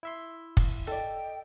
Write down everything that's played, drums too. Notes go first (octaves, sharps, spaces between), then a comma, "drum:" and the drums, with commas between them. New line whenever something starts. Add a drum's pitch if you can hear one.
E4 E5 C6
drum: kick
A4 D5 D#5 G5